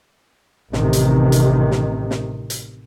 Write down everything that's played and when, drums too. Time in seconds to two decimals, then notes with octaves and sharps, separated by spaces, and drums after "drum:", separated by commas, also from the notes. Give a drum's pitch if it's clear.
0.73 A1 C3 D#3, drum: snare
0.93 drum: hi-hat
1.32 drum: hi-hat
1.71 drum: snare
2.11 drum: snare
2.50 drum: hi-hat